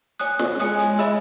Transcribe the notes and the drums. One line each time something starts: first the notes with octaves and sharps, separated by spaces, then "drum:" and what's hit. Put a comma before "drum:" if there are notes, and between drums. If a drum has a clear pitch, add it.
C#5 G#5 D#6 F#6, drum: hi-hat
drum: snare
G#3 C#5 G#5 D#6 F#6, drum: hi-hat
drum: hi-hat
C#5 E5 B5 E6, drum: hi-hat